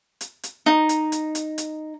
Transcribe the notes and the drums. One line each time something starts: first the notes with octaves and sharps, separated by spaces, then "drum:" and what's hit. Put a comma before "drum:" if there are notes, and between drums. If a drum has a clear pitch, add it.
drum: hi-hat
drum: hi-hat
D#4
drum: hi-hat
drum: hi-hat
drum: hi-hat
drum: hi-hat